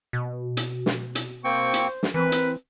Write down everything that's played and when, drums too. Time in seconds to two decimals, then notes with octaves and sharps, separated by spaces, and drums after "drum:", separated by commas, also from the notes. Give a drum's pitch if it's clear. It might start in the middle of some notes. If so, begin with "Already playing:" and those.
0.13 B2
0.57 drum: hi-hat
0.86 drum: snare
1.15 drum: hi-hat
1.44 A#3 C4 C5 G5 C#6
1.74 drum: hi-hat
2.03 drum: snare
2.14 E3 C4 A#4 B4
2.32 drum: hi-hat